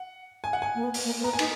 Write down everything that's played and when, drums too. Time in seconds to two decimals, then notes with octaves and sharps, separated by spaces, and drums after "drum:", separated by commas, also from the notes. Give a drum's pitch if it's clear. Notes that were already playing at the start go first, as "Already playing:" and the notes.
Already playing: F#5
0.44 G#5
0.53 F#5
0.62 G#5
0.75 A#3
0.84 B3
0.94 drum: open hi-hat
1.05 A#3
1.20 A#3
1.23 B3 A#5
1.33 G#5
1.39 D#4, drum: cymbal